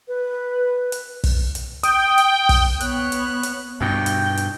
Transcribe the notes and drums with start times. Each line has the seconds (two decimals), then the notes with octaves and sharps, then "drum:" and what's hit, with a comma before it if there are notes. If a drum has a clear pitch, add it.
0.08 B4
0.92 drum: hi-hat
1.24 drum: kick, open hi-hat
1.55 drum: hi-hat
1.83 G5 D#6, drum: hi-hat
2.18 drum: hi-hat
2.49 drum: kick, open hi-hat
2.80 B3 C#5 F#6, drum: hi-hat
3.12 drum: hi-hat
3.43 drum: hi-hat
3.81 G2 B2 G5
4.06 drum: hi-hat
4.37 drum: hi-hat